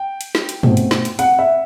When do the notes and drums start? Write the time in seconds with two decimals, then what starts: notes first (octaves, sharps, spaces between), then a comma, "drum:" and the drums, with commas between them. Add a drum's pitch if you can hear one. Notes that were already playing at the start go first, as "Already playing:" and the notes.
Already playing: G5
0.21 drum: hi-hat
0.35 drum: snare
0.49 drum: hi-hat
0.63 B2 A3 C4, drum: tom
0.77 drum: hi-hat
0.91 drum: snare
1.05 drum: hi-hat
1.19 F#5, drum: hi-hat
1.39 E5